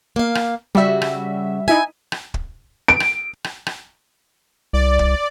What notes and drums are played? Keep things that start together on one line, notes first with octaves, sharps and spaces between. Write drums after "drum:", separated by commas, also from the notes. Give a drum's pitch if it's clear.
A#3 F5
drum: rim click
C#3 G3 F#4 E5
drum: rim click
D#4 E4 E5 G#5
drum: rim click
drum: kick
D7
drum: rim click
drum: rim click
drum: rim click
C2 D5
drum: kick